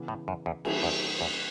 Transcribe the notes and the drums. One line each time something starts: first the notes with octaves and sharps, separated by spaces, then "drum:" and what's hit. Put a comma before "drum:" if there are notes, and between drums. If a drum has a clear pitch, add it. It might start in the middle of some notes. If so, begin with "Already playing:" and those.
Already playing: C#3 E3 B3
A2
F#2
E2
D#3 F#3 A3 E4 G#4, drum: cymbal
E2
E2